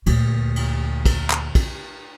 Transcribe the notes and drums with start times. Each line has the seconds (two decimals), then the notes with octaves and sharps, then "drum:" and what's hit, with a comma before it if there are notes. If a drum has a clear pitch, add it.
0.06 D2 A#2, drum: cymbal
0.56 drum: cymbal
1.05 drum: kick, cymbal
1.30 drum: clap
1.55 drum: kick, cymbal